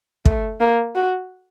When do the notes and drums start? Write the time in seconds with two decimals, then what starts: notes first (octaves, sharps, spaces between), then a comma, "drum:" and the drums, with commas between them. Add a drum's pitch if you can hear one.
0.25 A3, drum: kick
0.60 A#3
0.96 F#4